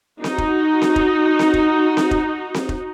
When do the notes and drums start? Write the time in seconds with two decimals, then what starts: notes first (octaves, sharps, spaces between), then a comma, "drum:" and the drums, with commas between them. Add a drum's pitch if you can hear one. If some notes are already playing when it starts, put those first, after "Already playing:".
0.24 D#4 F#4, drum: snare C4
0.38 drum: kick F1
0.82 drum: snare C4
0.96 drum: kick F1
1.39 drum: snare C4
1.54 drum: kick F1
1.97 drum: snare C4
2.11 drum: kick F1
2.54 drum: snare C4
2.69 drum: kick F1